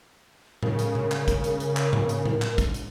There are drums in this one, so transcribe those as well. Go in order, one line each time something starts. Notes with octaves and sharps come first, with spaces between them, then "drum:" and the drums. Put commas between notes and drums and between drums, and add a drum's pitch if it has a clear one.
C#3 A#4, drum: tom A2
drum: hi-hat
drum: tom B2
drum: clap
drum: kick, hi-hat
drum: hi-hat
drum: hi-hat
drum: clap
drum: tom G#2
drum: hi-hat
drum: tom A2
drum: clap
drum: kick, hi-hat
drum: hi-hat